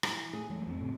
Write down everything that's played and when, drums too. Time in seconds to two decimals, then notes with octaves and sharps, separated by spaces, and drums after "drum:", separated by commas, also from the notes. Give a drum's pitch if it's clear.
0.03 E3, drum: rim click
0.33 A3 G#4
0.50 E3 F#3 G#3 A3
0.67 F2 A#3 C4
0.81 A2 C#3